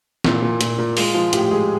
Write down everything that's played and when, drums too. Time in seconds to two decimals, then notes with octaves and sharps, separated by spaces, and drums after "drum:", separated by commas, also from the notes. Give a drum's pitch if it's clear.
0.24 A#2 E4, drum: snare
0.42 A#2
0.61 A#2, drum: hi-hat
0.78 A#2
0.97 G#3 F4, drum: open hi-hat
1.15 F3
1.33 A2 G4, drum: hi-hat
1.51 G#3 G#4